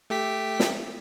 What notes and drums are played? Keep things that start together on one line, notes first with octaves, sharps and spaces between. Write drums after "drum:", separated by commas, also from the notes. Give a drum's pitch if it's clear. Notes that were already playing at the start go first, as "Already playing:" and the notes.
A3 G4 B6
drum: snare